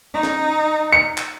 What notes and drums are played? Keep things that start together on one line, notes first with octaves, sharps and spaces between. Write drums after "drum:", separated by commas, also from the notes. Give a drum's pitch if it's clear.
D#4
drum: snare
C#7
drum: clap